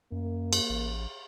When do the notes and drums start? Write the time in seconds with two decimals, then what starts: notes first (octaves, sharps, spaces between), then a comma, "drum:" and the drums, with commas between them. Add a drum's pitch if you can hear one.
0.12 F#2 A#3
0.53 drum: cymbal
0.70 A1